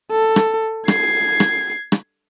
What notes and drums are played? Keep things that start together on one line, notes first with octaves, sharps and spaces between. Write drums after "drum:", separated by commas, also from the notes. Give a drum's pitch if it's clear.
A4
drum: rim click
G#6 C7, drum: rim click
drum: rim click
drum: rim click